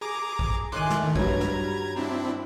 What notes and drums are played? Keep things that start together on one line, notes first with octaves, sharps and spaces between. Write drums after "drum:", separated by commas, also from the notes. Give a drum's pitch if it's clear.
G#4 A#5 D6
drum: kick
A2 D#3 G#5 C6 D6 F#6
drum: snare
D#3 A3
G2 F#3 G3 A#5 G#6, drum: kick
drum: snare
C4 D4 E4